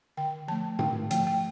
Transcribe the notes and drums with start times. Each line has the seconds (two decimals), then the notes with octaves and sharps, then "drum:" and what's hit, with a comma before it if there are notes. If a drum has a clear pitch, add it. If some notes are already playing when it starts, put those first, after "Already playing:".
0.17 D3 G5
0.48 F3 A3 A5
0.79 D3 G5, drum: tom G#2
1.11 F3 A3 G5, drum: hi-hat
1.27 G5